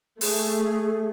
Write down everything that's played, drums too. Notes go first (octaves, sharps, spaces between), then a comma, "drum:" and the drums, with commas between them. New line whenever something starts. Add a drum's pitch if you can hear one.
A3 G#4, drum: open hi-hat